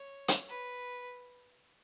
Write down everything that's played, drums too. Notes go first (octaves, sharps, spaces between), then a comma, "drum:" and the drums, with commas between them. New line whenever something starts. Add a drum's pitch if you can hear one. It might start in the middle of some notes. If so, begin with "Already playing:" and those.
Already playing: C#5
drum: hi-hat
B4